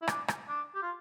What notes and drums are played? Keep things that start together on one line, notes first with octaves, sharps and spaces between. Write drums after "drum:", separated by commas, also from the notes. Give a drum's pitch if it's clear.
E4
D4, drum: rim click
drum: rim click
D4
G4
F4